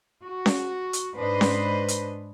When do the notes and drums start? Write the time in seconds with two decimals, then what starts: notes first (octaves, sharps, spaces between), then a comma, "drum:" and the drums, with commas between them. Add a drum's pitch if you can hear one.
0.22 F#4
0.46 drum: snare C#4
0.93 drum: hi-hat
1.17 G#2 D4 B4 C5 D#5
1.41 drum: snare C#4
1.88 drum: hi-hat